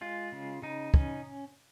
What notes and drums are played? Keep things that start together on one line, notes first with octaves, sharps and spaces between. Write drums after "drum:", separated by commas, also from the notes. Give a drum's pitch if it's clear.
G#3 F4
C#3
C#3 D#4
C#4, drum: kick